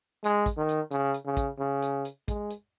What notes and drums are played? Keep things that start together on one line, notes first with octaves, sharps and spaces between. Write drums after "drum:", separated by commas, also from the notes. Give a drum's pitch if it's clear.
G#3, drum: hi-hat
drum: kick, hi-hat
D#3
drum: hi-hat
C#3, drum: hi-hat
drum: hi-hat
C#3
drum: kick, hi-hat
C#3
drum: hi-hat
drum: hi-hat
G#3, drum: kick, hi-hat
drum: hi-hat